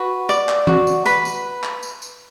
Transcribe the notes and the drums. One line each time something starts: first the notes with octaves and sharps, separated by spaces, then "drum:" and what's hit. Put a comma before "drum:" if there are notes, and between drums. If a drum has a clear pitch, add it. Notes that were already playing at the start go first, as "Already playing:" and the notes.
Already playing: F#4 B4
D5, drum: tambourine
drum: clap
F#4, drum: tom E3
drum: tambourine
B4 B5, drum: tambourine
drum: tambourine
drum: clap
drum: tambourine
drum: tambourine